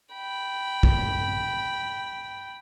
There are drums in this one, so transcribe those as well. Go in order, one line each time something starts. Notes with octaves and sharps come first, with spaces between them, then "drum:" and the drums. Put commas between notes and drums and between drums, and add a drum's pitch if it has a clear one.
G5 B5
drum: kick